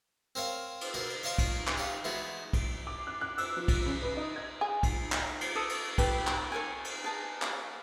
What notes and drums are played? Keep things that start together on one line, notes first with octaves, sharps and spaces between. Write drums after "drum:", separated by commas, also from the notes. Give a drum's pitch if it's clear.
C4 A#4 C#5 F5
drum: cymbal
B2 A#4 D6
drum: cymbal
C#5 D#5 F5 A5 C6 C#6
drum: kick, cymbal
drum: clap
D#4 G4 F5
E3 G#3 B3 D#4 F#4
drum: kick, cymbal
D6
F#6
F#6
E6, drum: cymbal
F3
drum: kick, cymbal
C#3
B4
D#4
G#6
G#4
drum: kick, cymbal
drum: clap
drum: cymbal
A4 D6 D#6
drum: cymbal
G4 A4 B4, drum: kick, cymbal
drum: clap
A4 A#4 C#5 G#5
drum: cymbal
G#4 A5 A#5
drum: clap